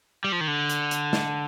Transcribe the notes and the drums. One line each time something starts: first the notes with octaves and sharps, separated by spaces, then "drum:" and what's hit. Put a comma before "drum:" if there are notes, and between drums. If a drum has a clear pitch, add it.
G3
F3
D#3
D3
drum: hi-hat
drum: hi-hat
drum: snare